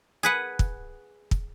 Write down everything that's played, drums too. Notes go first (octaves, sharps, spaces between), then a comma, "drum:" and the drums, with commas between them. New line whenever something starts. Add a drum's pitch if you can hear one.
G#4 B4 F#5
drum: kick
drum: kick